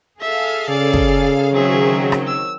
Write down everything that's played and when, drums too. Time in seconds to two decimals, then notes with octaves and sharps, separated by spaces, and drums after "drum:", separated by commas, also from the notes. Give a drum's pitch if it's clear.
0.20 G#4 A4 E5 F5
0.70 C#3 D5
0.93 drum: kick
1.54 D#3 F#3 C4 G#4 E5
2.12 drum: rim click
2.27 E6